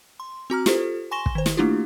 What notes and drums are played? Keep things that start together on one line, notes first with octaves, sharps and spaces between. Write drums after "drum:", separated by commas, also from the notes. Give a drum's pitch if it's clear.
C6
C4 F#4 A#5 F6
F4 G4 A4 C5, drum: snare
G#5 C6 C#6 A#6 E7 G7
drum: kick
D#3 C5
drum: snare
A3 A#3 D4 E4 F4 G4